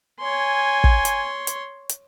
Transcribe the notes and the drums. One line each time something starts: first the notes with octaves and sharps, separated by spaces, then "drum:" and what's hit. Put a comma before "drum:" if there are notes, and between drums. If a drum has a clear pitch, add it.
C#5 G#5 C6
drum: kick
drum: hi-hat
drum: hi-hat
drum: hi-hat